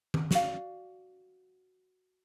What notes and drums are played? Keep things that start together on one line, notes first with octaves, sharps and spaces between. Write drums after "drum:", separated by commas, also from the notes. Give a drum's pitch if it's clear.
drum: tom
F#4 D5 F5, drum: snare